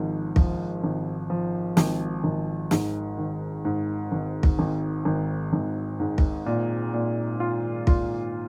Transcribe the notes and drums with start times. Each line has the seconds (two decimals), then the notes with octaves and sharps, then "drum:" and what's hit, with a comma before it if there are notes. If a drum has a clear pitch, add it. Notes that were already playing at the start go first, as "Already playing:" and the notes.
Already playing: G#1 G#2 F3
0.36 F3, drum: kick
0.84 G#1
1.30 F3
1.77 G#1, drum: snare
2.24 G#1
2.71 G#2, drum: snare
3.18 D#3
3.65 G#2
4.12 G#1
4.43 drum: kick
4.59 G#1
5.05 G#1
5.53 G#1
5.99 G#2
6.18 drum: kick
6.46 A#2
6.94 A#2
7.40 F4
7.87 F4, drum: kick